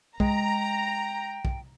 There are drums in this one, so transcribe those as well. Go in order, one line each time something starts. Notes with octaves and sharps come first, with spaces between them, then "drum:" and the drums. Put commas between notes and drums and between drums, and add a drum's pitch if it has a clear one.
G#3 G5 A#5, drum: kick
drum: kick